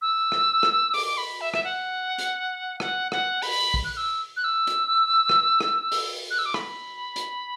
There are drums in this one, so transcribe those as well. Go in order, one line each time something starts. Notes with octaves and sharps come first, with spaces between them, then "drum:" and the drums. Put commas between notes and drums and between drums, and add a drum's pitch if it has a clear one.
E6
drum: rim click
drum: rim click
D6, drum: open hi-hat
D6
B5
E5
E5, drum: rim click
F#5
drum: hi-hat
F#5, drum: rim click
F#5, drum: rim click
B5, drum: open hi-hat
drum: kick
F#6
E6
F#6
E6
drum: hi-hat
drum: rim click
drum: rim click
drum: open hi-hat
F#6
E6
D6
B5, drum: rim click
drum: hi-hat